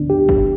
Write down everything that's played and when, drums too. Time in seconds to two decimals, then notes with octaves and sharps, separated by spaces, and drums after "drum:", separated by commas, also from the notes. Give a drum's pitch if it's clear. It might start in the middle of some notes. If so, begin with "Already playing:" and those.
Already playing: D2 D3 B3 D4
0.10 G4
0.29 drum: kick